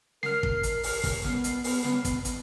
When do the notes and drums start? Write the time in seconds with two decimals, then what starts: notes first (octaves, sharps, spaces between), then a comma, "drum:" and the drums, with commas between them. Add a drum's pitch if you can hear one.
0.23 A#4 F6 C7, drum: snare
0.43 drum: kick
0.63 drum: hi-hat
0.83 drum: open hi-hat
1.04 drum: kick, open hi-hat
1.24 B3, drum: snare
1.44 drum: hi-hat
1.64 drum: open hi-hat
1.84 drum: snare
2.05 drum: kick, hi-hat
2.25 drum: hi-hat